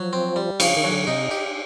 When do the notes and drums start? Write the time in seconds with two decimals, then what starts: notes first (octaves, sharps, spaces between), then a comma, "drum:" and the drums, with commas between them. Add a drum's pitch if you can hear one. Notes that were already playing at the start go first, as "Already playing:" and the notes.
Already playing: F3 F#3
0.13 C4
0.36 G3
0.60 C#3 F3, drum: cymbal
0.76 D#3
0.84 F#3
0.91 D3
1.07 C3 D#4
1.31 G4